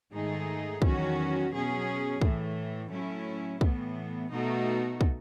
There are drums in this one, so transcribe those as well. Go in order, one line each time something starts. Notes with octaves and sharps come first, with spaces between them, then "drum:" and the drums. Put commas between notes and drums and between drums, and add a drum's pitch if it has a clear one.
G#2 D#3 A3 D#4 G#4
E2 D#3 F#3 C#4 F#4, drum: kick
B2 F#3 C#4 G#4
A2 E3 A3, drum: kick
A2 F#3 A3 C#4 E4
A2 E3 B3, drum: kick
B2 A3 D#4 F#4
drum: kick